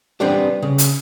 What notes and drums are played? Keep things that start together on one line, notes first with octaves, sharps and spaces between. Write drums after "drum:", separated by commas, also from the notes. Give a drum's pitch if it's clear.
G3 B3 C4 D4 G4
C#3
drum: hi-hat